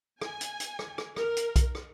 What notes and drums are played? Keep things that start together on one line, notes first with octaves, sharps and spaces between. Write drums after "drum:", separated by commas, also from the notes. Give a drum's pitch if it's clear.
G#5, drum: rim click
drum: hi-hat
drum: hi-hat
drum: rim click
drum: rim click
A#4, drum: rim click
drum: hi-hat
drum: kick B1, hi-hat
drum: rim click